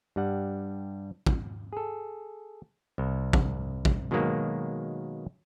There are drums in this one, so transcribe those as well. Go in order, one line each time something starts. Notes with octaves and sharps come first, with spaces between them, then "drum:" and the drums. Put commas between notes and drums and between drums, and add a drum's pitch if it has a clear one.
G2 G3 F#5
drum: kick
G#4 A4
C2
drum: kick
drum: kick
B2 D#3 F#3 G#3 A#3